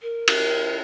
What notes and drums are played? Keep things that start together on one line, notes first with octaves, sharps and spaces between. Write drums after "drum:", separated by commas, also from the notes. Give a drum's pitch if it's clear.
A#4
drum: cymbal